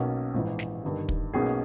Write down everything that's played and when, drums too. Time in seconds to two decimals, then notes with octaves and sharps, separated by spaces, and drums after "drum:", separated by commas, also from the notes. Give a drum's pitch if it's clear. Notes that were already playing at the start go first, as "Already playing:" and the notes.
Already playing: B1 B2 A#3 C#4
0.34 A#1 G#2 E3
0.59 drum: snare
0.83 G1 G2 D#3
1.09 drum: kick
1.34 B1 B2 A#3 C#4 G#4